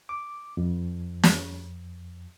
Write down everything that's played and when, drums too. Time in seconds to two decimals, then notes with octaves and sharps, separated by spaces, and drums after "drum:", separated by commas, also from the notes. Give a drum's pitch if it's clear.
0.09 D6
0.57 F2
1.23 drum: snare